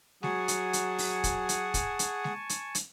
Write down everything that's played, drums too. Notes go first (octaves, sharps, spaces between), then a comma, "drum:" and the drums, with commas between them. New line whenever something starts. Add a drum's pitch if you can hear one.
F#3 G#4 F#5 G#5 A5 C#6, drum: snare G#3
drum: hi-hat
drum: hi-hat
drum: open hi-hat
drum: kick, hi-hat
drum: hi-hat
drum: kick, hi-hat
drum: hi-hat
drum: snare G#3
drum: hi-hat
drum: hi-hat